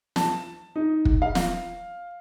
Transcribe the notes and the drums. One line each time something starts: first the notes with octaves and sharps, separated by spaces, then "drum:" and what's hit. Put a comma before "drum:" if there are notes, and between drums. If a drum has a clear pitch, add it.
A5, drum: snare
D#4
drum: kick
F5
drum: snare